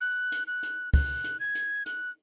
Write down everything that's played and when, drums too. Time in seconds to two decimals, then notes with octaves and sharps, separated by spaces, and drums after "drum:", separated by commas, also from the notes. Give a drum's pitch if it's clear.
0.01 F#6
0.32 drum: hi-hat
0.47 F#6
0.63 drum: hi-hat
0.94 F#6, drum: kick, open hi-hat
1.24 drum: hi-hat
1.40 G#6
1.55 drum: hi-hat
1.86 F#6, drum: hi-hat